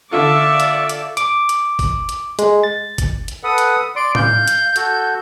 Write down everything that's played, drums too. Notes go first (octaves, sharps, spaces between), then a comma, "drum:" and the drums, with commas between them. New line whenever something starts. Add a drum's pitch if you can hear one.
D3 F4 A4 D5 E5 C#6
drum: hi-hat
drum: hi-hat
D6, drum: hi-hat
drum: hi-hat
drum: kick G#1, open hi-hat
drum: hi-hat
G#3, drum: hi-hat
A6
drum: kick G#1, hi-hat
drum: hi-hat
A4 B4 F#5 D#6
drum: hi-hat
D5 C6 D7
F5 G6, drum: tom A2
drum: hi-hat
F#4 A4, drum: hi-hat